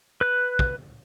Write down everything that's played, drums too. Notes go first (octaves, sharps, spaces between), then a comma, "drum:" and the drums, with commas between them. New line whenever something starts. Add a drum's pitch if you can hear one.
B4 F#6
drum: kick